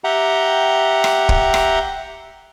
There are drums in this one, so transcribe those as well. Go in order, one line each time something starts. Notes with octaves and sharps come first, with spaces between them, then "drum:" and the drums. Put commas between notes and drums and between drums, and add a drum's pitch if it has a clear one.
G4 E5 F#5 G5 A#5
drum: rim click
drum: kick
drum: rim click